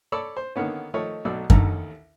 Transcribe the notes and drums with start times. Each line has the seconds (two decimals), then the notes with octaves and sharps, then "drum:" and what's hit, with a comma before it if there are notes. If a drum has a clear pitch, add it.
0.12 A4 C#5 D5 A5 B5 E6
0.37 C5
0.56 D3 D#3 A#3 B3 C#4
0.94 D#3 F3 A3 D#4 C#5
1.25 B1 B2 F#3 A3 D5 E6
1.50 A1 D#2 D3 D#3 A4 A#5, drum: kick F#2